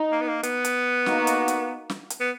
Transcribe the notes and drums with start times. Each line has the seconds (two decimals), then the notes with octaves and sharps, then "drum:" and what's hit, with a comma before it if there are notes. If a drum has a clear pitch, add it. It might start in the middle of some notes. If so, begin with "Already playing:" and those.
Already playing: D#4
0.12 A#3
0.21 B3
0.29 A#3
0.43 B3, drum: hi-hat
0.65 drum: hi-hat
1.06 A#3 D#4 F#4, drum: snare
1.27 drum: hi-hat
1.48 drum: hi-hat
1.90 drum: snare
2.10 drum: hi-hat
2.20 B3